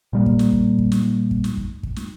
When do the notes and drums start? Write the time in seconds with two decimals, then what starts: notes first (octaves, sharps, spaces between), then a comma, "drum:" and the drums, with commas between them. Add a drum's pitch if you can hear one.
0.13 A#2 G3 A#3
0.26 drum: kick
0.39 drum: snare
0.52 drum: kick
0.78 drum: kick
0.92 drum: snare
1.31 drum: kick
1.44 drum: snare
1.57 drum: kick
1.83 drum: kick
1.96 drum: snare